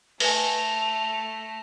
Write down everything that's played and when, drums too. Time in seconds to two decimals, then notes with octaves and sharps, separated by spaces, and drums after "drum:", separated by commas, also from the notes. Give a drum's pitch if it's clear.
0.20 A3 B4 G#5 A#6 E7 F7, drum: open hi-hat